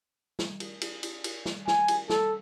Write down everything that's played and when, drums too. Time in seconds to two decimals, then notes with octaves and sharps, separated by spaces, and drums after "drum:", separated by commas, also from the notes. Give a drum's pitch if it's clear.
0.39 drum: snare
0.60 drum: cymbal
0.81 drum: cymbal
1.03 drum: cymbal
1.24 drum: cymbal
1.46 drum: snare
1.68 G#5, drum: snare
1.88 drum: cymbal
2.10 A4, drum: snare